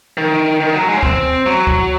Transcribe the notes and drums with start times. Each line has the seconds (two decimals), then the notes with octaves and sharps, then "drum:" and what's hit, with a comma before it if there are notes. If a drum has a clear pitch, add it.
0.18 D#3
0.60 D#3
0.75 F#3
0.89 G#3
0.97 C#4
1.03 C4, drum: kick
1.46 F#3
1.67 drum: kick